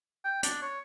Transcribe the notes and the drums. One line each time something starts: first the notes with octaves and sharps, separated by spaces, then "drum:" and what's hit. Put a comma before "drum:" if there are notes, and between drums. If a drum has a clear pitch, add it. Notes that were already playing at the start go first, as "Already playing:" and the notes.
G5
D4, drum: hi-hat
C#5